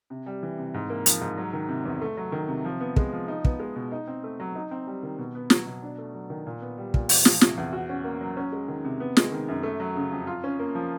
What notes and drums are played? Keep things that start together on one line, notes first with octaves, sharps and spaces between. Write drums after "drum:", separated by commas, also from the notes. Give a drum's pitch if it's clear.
C3
G3
E3
C3
G#2
A#3
F3, drum: hi-hat
G#2
F#3
D#3
C3
E2
A3
F#3
D#3
C3
F3
B3
G#3, drum: kick
F3
D#4
B3, drum: kick
G#3
B2
D#4
C4
A3
F#3
D#4
C4
G3
D#3
B2
B3
F#3, drum: snare
B2
D4
A3
F#3
D#3
A#2
B3
G3
A#2, drum: kick
E2, drum: open hi-hat
F3, drum: snare
C3, drum: snare
E2
F#4
C#4
A#3
F#3
C#4
G#3
D#3
C3
B3
G#3, drum: snare
D#3
F#2
A3
F#3
C#3
F2
F4
C#4
A#3
F3